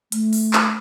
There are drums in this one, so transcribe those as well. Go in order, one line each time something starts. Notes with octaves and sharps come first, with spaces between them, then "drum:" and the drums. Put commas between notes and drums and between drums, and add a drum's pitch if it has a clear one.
A3, drum: hi-hat
drum: open hi-hat
drum: clap